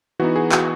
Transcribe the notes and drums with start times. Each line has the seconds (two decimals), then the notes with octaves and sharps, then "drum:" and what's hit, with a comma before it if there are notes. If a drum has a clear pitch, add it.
0.19 E3 B3 D#4 F#4
0.36 G#4
0.52 F#4, drum: clap